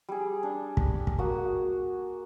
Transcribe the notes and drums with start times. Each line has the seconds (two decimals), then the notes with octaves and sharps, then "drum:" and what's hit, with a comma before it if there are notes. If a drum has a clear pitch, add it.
0.09 G3 G#4
0.43 D4
0.77 drum: kick
1.07 drum: kick
1.19 A#3 F#4 D#6